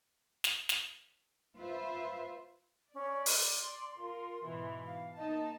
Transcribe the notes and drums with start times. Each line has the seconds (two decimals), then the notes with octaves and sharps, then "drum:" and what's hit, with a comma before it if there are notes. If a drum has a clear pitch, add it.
0.44 drum: snare
0.69 drum: snare
1.57 F4 B4 C5 E5
2.94 C#4 D5
3.26 C6, drum: open hi-hat
3.97 F4 A#4
4.44 G#2 B2 E3
4.87 F5
5.17 A#3 D#4 D#5 A5